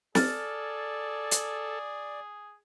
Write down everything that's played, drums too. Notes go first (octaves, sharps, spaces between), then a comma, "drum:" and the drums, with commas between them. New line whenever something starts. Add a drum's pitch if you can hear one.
G#4 A4 D5 F6 A6, drum: snare
drum: hi-hat